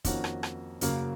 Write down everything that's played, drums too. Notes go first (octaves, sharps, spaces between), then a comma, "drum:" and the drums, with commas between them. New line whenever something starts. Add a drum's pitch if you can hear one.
F2 D#3 A#3 C#4 F#4, drum: kick, hi-hat
drum: rim click
drum: rim click
F#2 C#3 F#3 A#3, drum: hi-hat